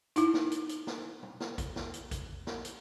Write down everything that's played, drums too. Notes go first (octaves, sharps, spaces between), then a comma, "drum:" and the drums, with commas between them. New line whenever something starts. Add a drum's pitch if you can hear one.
D#4 E4, drum: hi-hat
drum: snare
drum: hi-hat
drum: hi-hat
drum: snare
drum: tom B2
drum: snare
drum: kick G#1, hi-hat
drum: snare
drum: hi-hat
drum: kick G#1, hi-hat
drum: snare
drum: hi-hat